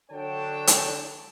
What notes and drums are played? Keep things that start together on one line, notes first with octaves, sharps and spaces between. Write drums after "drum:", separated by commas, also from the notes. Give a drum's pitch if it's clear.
D3 F#3 D4 C#5 G5 A5
drum: hi-hat